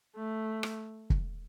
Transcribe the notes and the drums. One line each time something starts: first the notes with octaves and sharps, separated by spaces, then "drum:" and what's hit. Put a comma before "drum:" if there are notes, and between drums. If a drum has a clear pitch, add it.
A3
drum: rim click
drum: kick